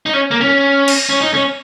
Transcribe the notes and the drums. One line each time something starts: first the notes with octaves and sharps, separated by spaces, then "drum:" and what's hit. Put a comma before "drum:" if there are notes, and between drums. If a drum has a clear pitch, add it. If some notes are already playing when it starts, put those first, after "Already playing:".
D#4
C#4
A#3
C#4
drum: cymbal
C#4
D#4
C#4